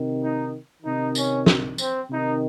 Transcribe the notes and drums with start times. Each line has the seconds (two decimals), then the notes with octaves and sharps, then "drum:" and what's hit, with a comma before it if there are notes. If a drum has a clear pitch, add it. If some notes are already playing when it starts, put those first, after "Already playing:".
Already playing: C3 D#3
0.21 D#4
0.83 C3 D#3 D#4
1.15 C#4, drum: tambourine
1.46 drum: snare
1.78 C4, drum: tambourine
2.10 C3 D#3 D#4